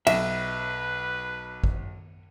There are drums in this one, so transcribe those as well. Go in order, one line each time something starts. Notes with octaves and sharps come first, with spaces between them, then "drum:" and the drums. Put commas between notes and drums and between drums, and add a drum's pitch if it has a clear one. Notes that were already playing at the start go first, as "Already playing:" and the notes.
B1 B4 E5, drum: cymbal
drum: kick